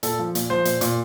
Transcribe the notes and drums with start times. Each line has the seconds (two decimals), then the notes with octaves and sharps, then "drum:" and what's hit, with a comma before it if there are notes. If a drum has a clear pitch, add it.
0.03 A#2 A4, drum: hi-hat
0.19 F3
0.35 A#2, drum: hi-hat
0.50 F3 C5
0.65 A#2, drum: hi-hat
0.81 A#2, drum: hi-hat